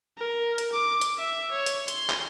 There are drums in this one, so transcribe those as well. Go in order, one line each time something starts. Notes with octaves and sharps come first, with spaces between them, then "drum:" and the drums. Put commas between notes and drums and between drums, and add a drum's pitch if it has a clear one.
A#4
drum: hi-hat
D6
drum: hi-hat
E5
C#5
drum: hi-hat
C6, drum: hi-hat
drum: clap